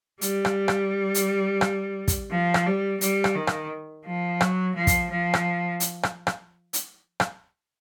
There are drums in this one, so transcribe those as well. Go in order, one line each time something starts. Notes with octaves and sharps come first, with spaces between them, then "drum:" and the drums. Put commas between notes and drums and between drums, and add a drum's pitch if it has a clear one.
G3, drum: hi-hat
drum: rim click
drum: rim click
drum: hi-hat
drum: rim click
drum: kick, hi-hat
F3
drum: rim click
G3
G3, drum: hi-hat
drum: rim click
D#3
drum: rim click
F3
F#3, drum: rim click
F3
drum: kick, hi-hat
F3
drum: rim click
drum: hi-hat
drum: rim click
drum: rim click
drum: hi-hat
drum: rim click